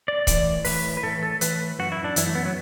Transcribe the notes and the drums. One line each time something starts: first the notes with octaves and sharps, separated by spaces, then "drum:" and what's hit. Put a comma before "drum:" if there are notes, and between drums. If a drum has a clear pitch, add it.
D5
A2 E3 D5, drum: kick C#1, hi-hat
A2 E3 B4, drum: open hi-hat
B4
A2 E3 A4
A4
A2 E3 B4, drum: hi-hat
F#2 E3 F#4
E4
D4
F#2 E3 E4, drum: hi-hat
A3
B3
F#3